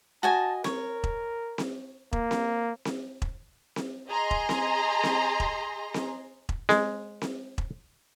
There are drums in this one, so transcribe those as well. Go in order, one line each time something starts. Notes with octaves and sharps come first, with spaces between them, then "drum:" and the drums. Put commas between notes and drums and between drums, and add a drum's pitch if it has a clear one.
F#4 D#5 G#5 A5
A#4 C#5, drum: snare C4
drum: kick E1
drum: snare C4
A#3, drum: kick E1
drum: snare C4
drum: snare C4
drum: kick E1
drum: snare C4
G#4 D#5 A#5 C6
drum: kick E1
drum: snare C4
drum: snare C4
drum: kick E1
drum: snare C4
drum: kick E1
G#3, drum: snare C4
drum: snare C4
drum: kick E1